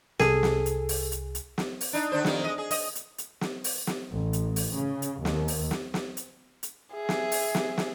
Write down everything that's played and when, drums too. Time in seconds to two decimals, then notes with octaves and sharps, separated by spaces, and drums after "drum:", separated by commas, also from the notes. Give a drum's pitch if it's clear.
0.19 C2 G#4 A4, drum: snare
0.43 drum: snare
0.66 drum: hi-hat
0.89 drum: open hi-hat
1.12 drum: hi-hat
1.35 drum: hi-hat
1.58 drum: snare
1.81 drum: open hi-hat
1.93 D4 D#4
2.12 D3 D4 C5
2.25 F2 D#3 A#3, drum: snare
2.44 G#3 D#5
2.58 G#4
2.71 D#5, drum: open hi-hat
2.95 drum: hi-hat
3.18 drum: hi-hat
3.41 drum: snare
3.64 drum: open hi-hat
3.87 drum: snare
4.13 A1
4.33 drum: hi-hat
4.56 drum: open hi-hat
4.75 C#3
5.02 drum: hi-hat
5.25 D#2, drum: snare
5.48 drum: open hi-hat
5.71 drum: snare
5.94 drum: snare
6.17 drum: hi-hat
6.63 drum: hi-hat
6.95 G#4 E5
7.09 drum: snare
7.32 drum: open hi-hat
7.55 drum: snare
7.78 drum: snare